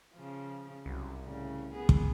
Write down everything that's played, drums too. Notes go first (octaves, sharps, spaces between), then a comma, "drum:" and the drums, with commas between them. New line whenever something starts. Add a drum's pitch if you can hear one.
C#3 F3
C2 F#2
A2 C#3
B3 G#4
drum: kick